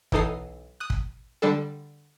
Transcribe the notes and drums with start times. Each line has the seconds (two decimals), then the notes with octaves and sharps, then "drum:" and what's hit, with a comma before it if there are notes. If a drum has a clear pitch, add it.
0.12 B1 E3 D#4 A4 D#6 C7, drum: kick
0.80 D#6 F#6
0.90 drum: kick
1.42 D3 G3 D4 A4